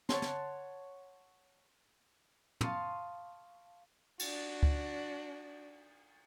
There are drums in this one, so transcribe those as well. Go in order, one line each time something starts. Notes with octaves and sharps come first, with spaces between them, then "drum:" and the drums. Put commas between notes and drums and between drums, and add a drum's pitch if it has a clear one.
C#5 F#5 A5 C6, drum: snare
drum: snare
F5 A5 C6 C#6 D#6, drum: tom
D4 F#4, drum: cymbal
drum: kick C#2